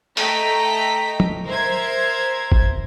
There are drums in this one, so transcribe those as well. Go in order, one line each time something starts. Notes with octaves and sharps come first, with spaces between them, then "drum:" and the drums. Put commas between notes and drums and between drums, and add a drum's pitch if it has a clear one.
A3 D#5 G5 A#5 B6, drum: open hi-hat
drum: tom
A#4 C5 E5 G#6
drum: kick G1